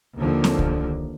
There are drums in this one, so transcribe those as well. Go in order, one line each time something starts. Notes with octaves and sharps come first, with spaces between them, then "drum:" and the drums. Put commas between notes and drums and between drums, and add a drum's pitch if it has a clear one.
D#2 D3 F3 A#3
drum: snare C4
drum: kick C2